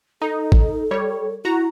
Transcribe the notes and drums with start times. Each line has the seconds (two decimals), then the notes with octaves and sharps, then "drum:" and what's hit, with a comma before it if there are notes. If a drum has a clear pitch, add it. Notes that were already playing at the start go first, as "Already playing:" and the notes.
0.22 D#4 A4
0.52 drum: kick
0.91 G3 C#5
1.45 E4 F#4 A#5